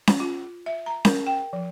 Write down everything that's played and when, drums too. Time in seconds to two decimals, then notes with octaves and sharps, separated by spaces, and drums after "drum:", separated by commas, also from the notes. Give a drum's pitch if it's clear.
0.07 drum: snare C#4
0.20 F4
0.66 E5
0.86 A#5
1.05 A#4, drum: snare C#4
1.27 G5
1.53 F3